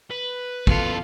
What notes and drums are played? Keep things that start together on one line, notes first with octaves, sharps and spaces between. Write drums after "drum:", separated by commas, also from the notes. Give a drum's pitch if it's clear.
B4
E2 F4 A4, drum: kick